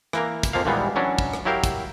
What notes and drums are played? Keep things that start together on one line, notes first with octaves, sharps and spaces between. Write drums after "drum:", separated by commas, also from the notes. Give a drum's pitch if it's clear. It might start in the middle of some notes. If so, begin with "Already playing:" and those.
E3 A#3 A#4, drum: rim click
drum: kick, hi-hat
F2 F3 A#3 F5
D#2 A#2 E3 G3 G#3 B3
E3 F#3 C#4 D4
drum: kick
drum: rim click
F#3 E4 G4 A#4 F5
drum: kick, hi-hat